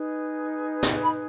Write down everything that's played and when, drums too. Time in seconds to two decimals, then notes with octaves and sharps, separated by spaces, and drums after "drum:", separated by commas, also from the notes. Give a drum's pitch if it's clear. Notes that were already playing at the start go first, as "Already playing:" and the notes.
Already playing: D#4 G#4 B4
0.83 drum: snare
1.02 B5